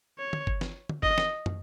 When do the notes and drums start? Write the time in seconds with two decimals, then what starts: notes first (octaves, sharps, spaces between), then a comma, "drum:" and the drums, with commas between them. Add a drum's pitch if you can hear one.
0.19 C#5
0.33 drum: tom
0.47 drum: kick G1
0.61 drum: snare
0.89 drum: tom
1.03 D#5, drum: kick G1
1.18 drum: snare
1.46 drum: tom